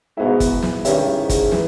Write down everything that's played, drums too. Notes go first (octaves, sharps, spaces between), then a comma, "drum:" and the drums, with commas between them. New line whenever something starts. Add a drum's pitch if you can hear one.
G#2 B2 G#3 B3 E4
drum: kick, hi-hat
drum: snare
G2 D#3 G#3 C#4 E4, drum: hi-hat
G#2
drum: kick, hi-hat
E3 G#3, drum: snare